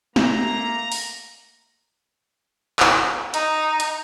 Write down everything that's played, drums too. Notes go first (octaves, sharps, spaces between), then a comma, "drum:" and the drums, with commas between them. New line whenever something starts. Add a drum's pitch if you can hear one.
A3 A#3 A#5, drum: snare
drum: open hi-hat
drum: clap
D#4, drum: hi-hat
drum: hi-hat